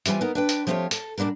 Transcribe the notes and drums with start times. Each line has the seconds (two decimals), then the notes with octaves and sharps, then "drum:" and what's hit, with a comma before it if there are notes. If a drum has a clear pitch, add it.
0.06 E3 G3 C4 F4 G#5, drum: hi-hat
0.21 B3 D#4 A#4
0.35 D4 B4 G5
0.49 drum: hi-hat
0.67 F3 A3 C4 F4 G4 C#5
0.91 A4, drum: hi-hat
1.18 A#2 G3 D4 F#4 A#4